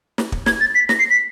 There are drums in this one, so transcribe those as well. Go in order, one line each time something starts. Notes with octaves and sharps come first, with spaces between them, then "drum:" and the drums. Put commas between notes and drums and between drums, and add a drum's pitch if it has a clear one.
drum: snare
drum: kick
G#6, drum: snare
A6
B6
A#6, drum: snare
C7
B6